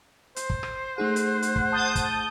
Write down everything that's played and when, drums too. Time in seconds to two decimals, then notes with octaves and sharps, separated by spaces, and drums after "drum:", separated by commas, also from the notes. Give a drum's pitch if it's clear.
0.36 C5, drum: hi-hat
0.50 drum: kick
0.63 drum: rim click
0.98 A3 D#4 G#4 F#5
1.16 drum: hi-hat
1.42 drum: hi-hat
1.56 drum: kick
1.72 A5 D#6 G6
1.95 drum: kick, hi-hat